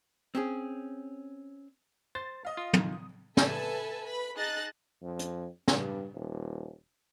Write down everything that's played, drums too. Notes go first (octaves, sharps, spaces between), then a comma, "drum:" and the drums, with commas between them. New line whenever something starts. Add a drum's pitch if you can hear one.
C4 C#4 G#4
C5 A6
D#5 F5
F4
D#3, drum: tom
D#6
A4 B4 E5 G#5 A5, drum: snare
B4 B5
D#4 G#4 D#5 A5 F#6 A6
F2
drum: hi-hat
G2, drum: snare
D#1